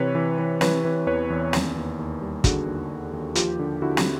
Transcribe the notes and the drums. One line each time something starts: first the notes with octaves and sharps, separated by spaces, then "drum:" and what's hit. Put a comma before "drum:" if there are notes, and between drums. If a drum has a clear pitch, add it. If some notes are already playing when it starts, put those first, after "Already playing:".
Already playing: C3 E3 B4 C#5
E3
E3
E3 B4 C#5, drum: snare
E3
E2 B4 C#5
E2
D#2, drum: snare
D#2
D#2
G3
D3 F#4 G#4, drum: kick, hi-hat
D#2
D#2
D#2
F3 F4 G4, drum: hi-hat
D3
D3 E4 F#4
drum: snare